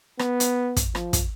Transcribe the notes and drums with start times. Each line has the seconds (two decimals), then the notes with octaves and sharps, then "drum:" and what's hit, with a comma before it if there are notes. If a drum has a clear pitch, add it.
0.19 B3, drum: rim click
0.40 drum: hi-hat
0.76 drum: kick, hi-hat
0.95 F3, drum: rim click
1.13 drum: kick, hi-hat